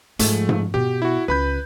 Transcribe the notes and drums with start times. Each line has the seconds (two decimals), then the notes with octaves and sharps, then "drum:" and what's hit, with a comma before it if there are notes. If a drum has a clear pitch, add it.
0.19 G#2 F3 A3, drum: hi-hat
0.49 drum: tom G#2
0.74 B2 B3 G4
1.02 E4 F#4
1.28 C#2 B4 B5 G6